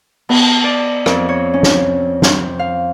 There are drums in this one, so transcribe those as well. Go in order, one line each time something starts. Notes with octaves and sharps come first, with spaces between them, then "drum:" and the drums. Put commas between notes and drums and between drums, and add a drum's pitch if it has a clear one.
B3, drum: cymbal
D5
F2, drum: rim click
C#5
C#4
drum: snare
C4, drum: snare
F5